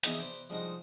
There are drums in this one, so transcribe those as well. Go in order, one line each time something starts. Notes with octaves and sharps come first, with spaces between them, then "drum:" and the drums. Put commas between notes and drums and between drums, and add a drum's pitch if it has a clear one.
E3 B3 D4 D#4 F#4 G#4, drum: hi-hat
B4 C5 D5
F3 G3 G#3 D4 D#4 F#4